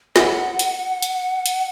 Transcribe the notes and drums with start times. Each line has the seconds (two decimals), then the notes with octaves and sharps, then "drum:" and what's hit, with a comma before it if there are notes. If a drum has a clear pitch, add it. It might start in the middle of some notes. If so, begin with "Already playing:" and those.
0.16 F#5, drum: snare
0.59 drum: hi-hat
1.02 drum: hi-hat
1.46 drum: hi-hat